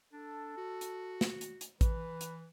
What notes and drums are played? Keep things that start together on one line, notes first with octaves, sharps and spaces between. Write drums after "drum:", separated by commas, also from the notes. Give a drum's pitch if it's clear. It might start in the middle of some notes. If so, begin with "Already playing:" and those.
D4 A4
F#4
drum: hi-hat
drum: snare
drum: hi-hat
drum: hi-hat
E3 B4, drum: kick A1, hi-hat
drum: hi-hat